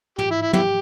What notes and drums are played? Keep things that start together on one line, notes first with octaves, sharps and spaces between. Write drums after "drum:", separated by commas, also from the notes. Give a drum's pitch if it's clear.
G4, drum: tom
E4
E4
E4 G4, drum: tom